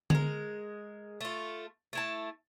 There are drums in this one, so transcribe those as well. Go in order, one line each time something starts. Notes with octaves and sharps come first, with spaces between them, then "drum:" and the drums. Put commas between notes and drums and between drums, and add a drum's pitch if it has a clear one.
G#3 A#4, drum: tom D3
A3 F4
A3 E4 A5